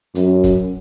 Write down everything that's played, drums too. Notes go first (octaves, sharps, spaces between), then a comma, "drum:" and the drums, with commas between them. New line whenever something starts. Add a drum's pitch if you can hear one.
F#2, drum: hi-hat
drum: kick, hi-hat